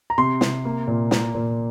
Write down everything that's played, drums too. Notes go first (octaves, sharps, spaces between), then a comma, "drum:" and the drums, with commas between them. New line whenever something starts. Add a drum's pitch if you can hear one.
A#5
C3 C6
C3, drum: snare
A#3
A#2
A#3, drum: snare
A#2